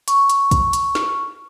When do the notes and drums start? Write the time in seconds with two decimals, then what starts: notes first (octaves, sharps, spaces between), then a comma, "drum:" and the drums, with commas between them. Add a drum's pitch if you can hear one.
0.08 C#6, drum: hi-hat
0.30 drum: hi-hat
0.51 drum: kick, hi-hat
0.73 drum: hi-hat
0.95 drum: snare